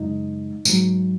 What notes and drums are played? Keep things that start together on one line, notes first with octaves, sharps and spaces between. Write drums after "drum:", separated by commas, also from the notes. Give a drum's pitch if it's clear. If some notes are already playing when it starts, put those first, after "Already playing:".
Already playing: F#2 C#3 G#3 D#4
G#2 F#3, drum: tambourine